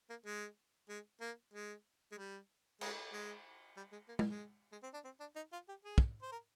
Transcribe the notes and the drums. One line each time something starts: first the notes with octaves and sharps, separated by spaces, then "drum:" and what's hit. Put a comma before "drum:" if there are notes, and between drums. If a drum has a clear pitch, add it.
A#3
G#3
G#3
A#3
G#3
G#3
G3
G#3, drum: cymbal
G#3
G3
G#3
A#3
A#3, drum: tom
G#3
G#3
C4
D4
C4
D4
D#4
F4
G4
G#4
drum: kick
C5
A#4